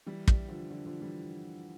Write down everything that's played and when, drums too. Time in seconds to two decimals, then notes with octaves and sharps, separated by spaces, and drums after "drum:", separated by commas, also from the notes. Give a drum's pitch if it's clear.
0.06 E3 G3
0.28 E3 G3, drum: kick
0.48 D3 F3
0.70 D3 F3
0.86 D3 F3
1.01 E3 G3